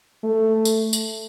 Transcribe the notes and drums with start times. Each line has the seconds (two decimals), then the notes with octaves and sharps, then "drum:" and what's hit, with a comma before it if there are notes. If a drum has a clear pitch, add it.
0.24 A3
0.65 drum: tambourine
0.93 drum: tambourine